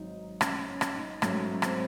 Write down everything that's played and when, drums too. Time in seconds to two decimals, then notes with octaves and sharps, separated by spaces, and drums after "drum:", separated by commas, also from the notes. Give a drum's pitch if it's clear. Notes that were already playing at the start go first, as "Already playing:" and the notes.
Already playing: G#1 G#2 F#3 D#4
0.41 C#4, drum: rim click
0.67 C#4
0.81 drum: rim click
0.95 D#4
1.22 G#2 F#3 A3 C#4, drum: rim click
1.62 C4, drum: rim click